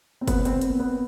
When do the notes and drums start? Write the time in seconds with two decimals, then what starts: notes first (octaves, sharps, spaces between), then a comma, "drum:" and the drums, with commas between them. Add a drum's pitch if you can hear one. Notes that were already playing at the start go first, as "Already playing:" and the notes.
0.21 C4
0.28 B3, drum: kick F#1, hi-hat
0.39 B3
0.45 C4, drum: hi-hat
0.61 B3, drum: hi-hat
0.79 B3